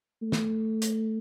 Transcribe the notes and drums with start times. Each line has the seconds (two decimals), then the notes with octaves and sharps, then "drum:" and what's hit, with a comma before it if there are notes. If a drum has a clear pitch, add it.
0.22 A3
0.32 drum: snare
0.82 drum: hi-hat